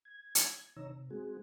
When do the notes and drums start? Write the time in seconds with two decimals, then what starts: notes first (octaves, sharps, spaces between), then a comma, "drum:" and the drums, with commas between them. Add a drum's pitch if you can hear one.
0.05 G#6
0.35 drum: hi-hat
0.76 C3 D#3 D#4 C#5 A#5 E6
0.88 C3
1.10 G#3 C4 F#4 G#4